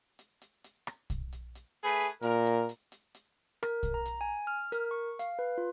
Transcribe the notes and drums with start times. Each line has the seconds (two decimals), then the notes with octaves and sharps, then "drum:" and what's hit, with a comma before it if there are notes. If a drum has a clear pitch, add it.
0.19 drum: hi-hat
0.42 drum: hi-hat
0.64 drum: hi-hat
0.87 drum: rim click
1.10 drum: kick, hi-hat
1.33 drum: hi-hat
1.55 drum: hi-hat
1.84 A3 G#4 B4
2.01 drum: hi-hat
2.23 A#2 A#4, drum: hi-hat
2.46 drum: hi-hat
2.69 drum: hi-hat
2.92 drum: hi-hat
3.15 drum: hi-hat
3.63 A#4, drum: rim click
3.83 drum: kick, hi-hat
3.94 A#5
4.06 drum: hi-hat
4.21 G#5
4.47 F6
4.72 A#4, drum: hi-hat
4.91 C#6
5.19 F5, drum: hi-hat
5.39 B4
5.58 F4